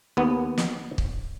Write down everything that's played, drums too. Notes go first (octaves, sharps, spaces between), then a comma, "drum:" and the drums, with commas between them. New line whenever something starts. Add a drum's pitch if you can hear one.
D#2 B3
drum: snare
drum: kick